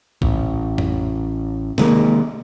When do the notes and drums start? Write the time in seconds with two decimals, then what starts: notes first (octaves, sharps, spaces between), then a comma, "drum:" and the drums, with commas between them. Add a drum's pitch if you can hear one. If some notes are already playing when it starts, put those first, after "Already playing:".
0.22 A1, drum: kick
0.78 drum: tom F2
1.78 C3 D#3 G#3 A#3, drum: snare C4